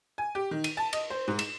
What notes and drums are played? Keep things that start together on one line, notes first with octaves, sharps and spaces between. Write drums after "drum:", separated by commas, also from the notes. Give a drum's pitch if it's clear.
G#5
G4
D#3
D#7, drum: cymbal
A5
D#5, drum: cymbal
C5
G#2
E7, drum: cymbal